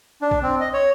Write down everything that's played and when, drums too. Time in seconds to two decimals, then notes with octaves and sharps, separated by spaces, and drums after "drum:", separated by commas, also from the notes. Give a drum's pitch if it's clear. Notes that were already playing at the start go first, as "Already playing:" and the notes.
0.22 D4
0.31 drum: kick A#1
0.43 C4
0.60 D#5
0.74 C#5